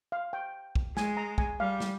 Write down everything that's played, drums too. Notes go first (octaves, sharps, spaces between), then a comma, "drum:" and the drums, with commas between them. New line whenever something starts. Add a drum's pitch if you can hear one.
F5
G5
drum: kick
G#3 G#5, drum: snare
A#5
G#5, drum: kick
G3 F5
drum: snare